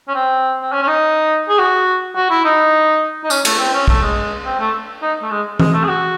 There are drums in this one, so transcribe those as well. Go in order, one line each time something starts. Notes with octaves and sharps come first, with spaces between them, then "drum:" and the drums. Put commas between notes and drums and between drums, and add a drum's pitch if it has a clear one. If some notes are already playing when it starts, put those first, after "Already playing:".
C#4
C4
C4
C#4
C#4
D#4
G#4
F#4
F#4
E4
D#4
D#4
C#4, drum: tambourine
A3, drum: cymbal
C4
C#4
A3, drum: kick
G#3
C4
A3
D#4
A3
G#3
G#3, drum: tom E3
A3
G#4
F#4